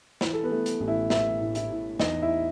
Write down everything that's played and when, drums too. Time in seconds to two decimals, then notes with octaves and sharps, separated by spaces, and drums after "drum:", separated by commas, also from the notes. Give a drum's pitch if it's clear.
0.21 E3, drum: snare
0.33 A4
0.43 B3 B4
0.52 A3
0.66 drum: hi-hat
0.80 A1
0.88 E4 E5
1.10 E3 E4 E5, drum: snare
1.40 A2
1.55 E4 E5, drum: hi-hat
1.71 A2
2.00 E2 D#4 D#5, drum: snare
2.22 E4 E5